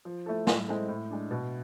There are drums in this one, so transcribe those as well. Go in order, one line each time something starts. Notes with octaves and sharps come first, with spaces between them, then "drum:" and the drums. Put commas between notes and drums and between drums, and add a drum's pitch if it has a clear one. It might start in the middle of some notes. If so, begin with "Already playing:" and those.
F3
A3 E4 A4
A2, drum: snare
G#3 C4 E4 A4
A2
G#3 D4
B2